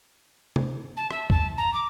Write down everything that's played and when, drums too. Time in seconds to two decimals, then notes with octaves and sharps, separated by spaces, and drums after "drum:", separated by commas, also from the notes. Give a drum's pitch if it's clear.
0.56 drum: tom C3
0.96 A5
1.11 E5, drum: rim click
1.30 A5, drum: kick
1.57 A#5
1.73 D6